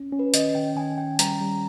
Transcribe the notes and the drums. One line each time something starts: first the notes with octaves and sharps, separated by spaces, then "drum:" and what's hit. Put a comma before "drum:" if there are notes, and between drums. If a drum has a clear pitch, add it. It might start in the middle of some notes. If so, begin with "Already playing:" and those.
Already playing: C#4
C#4
B4
D#3 D#5, drum: hi-hat
D#3 G5
D#3 G#5
D#3 G5
G3 A#5, drum: hi-hat
G3